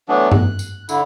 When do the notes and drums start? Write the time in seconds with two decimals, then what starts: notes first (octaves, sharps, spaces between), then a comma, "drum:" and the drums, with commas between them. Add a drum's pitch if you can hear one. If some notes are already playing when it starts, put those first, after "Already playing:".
0.09 E3 F#3 A3 B3 D4
0.32 F#6, drum: tom G2
0.59 drum: tambourine
0.89 D3 E4, drum: tambourine